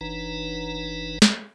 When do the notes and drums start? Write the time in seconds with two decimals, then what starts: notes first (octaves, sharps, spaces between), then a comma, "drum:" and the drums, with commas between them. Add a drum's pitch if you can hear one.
0.01 F#1 E3 D4 D#4 B4 A#5
1.22 drum: snare